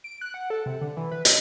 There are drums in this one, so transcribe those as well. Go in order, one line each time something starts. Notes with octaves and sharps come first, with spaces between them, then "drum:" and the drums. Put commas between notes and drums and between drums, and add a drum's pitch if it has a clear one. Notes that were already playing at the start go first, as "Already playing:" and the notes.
D7
F#6
F#5
A4
C3
D3
E3
B4
D#5, drum: hi-hat